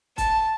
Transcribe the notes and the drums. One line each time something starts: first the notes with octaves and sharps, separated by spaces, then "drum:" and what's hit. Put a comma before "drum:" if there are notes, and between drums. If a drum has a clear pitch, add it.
A5, drum: kick, hi-hat